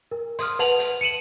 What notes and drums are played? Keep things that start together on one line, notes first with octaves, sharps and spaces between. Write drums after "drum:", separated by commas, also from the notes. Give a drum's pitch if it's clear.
A#4
C6 D#6 F6, drum: hi-hat
B4 F#5 A5 F7 F#7, drum: hi-hat
drum: hi-hat
C#7 D#7 E7 F#7